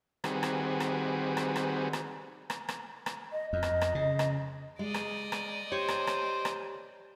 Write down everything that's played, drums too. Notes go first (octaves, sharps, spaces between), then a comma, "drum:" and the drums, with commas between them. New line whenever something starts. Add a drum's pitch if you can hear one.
D#3 G3 C4 F#4 G#4 B4, drum: rim click
drum: rim click
drum: rim click
drum: rim click
drum: rim click
drum: rim click
drum: rim click
drum: rim click
drum: rim click
D#5
F2 D#5
drum: rim click
drum: rim click
C#3
drum: rim click
G#3 D5 D#5
drum: rim click
drum: rim click
G4 C5 C#5
drum: rim click
drum: rim click
drum: rim click